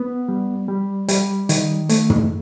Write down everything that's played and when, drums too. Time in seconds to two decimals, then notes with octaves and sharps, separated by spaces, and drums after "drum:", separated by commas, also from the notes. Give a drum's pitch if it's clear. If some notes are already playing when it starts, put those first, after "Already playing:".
Already playing: B3
0.29 G3
0.68 G3
1.08 G3, drum: hi-hat
1.49 D#3, drum: hi-hat
1.89 A3, drum: hi-hat
2.10 drum: tom